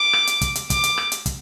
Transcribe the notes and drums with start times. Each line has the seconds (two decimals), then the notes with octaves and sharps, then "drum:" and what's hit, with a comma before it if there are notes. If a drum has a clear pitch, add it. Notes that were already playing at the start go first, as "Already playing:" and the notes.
Already playing: D6
0.13 drum: rim click
0.27 drum: hi-hat
0.41 drum: kick, hi-hat
0.55 drum: hi-hat
0.70 D6, drum: kick, hi-hat
0.84 drum: hi-hat
0.98 drum: rim click
1.12 drum: hi-hat
1.26 drum: kick, hi-hat